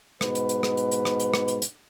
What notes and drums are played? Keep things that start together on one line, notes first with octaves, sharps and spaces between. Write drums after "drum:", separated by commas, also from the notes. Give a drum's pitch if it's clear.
G#2 B2 B4, drum: rim click
drum: hi-hat
drum: hi-hat
drum: rim click
drum: hi-hat
drum: hi-hat
drum: rim click
drum: hi-hat
drum: rim click
drum: hi-hat
drum: hi-hat